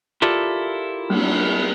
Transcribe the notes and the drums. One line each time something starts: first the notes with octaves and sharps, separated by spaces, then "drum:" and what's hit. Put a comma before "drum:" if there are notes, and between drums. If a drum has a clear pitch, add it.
E4 F4 G4 A4 A#4 D5
drum: cymbal